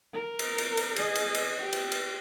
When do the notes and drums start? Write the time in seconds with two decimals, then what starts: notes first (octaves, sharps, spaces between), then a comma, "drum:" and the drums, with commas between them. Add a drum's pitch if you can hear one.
0.13 A#4
0.39 drum: cymbal
0.58 drum: cymbal
0.77 drum: cymbal
0.96 G#4 D#5, drum: cymbal
1.15 drum: cymbal
1.34 drum: cymbal
1.59 G4
1.73 drum: cymbal
1.92 drum: cymbal